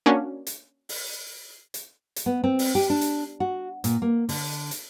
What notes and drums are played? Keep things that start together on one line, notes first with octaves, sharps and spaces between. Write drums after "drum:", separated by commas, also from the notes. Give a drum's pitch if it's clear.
A#3 C#4 D4 F#4
drum: hi-hat
drum: open hi-hat
drum: hi-hat
drum: hi-hat
B3
C4
drum: open hi-hat
G4
D4
drum: hi-hat
F#4
A#2, drum: hi-hat
A#3
D3, drum: open hi-hat
drum: hi-hat